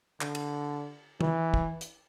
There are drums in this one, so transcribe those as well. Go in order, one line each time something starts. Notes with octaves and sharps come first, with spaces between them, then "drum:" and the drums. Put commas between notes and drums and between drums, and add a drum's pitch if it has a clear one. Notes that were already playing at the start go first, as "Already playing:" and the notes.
D3, drum: clap
drum: cymbal
E3, drum: tom D#3
drum: kick
drum: hi-hat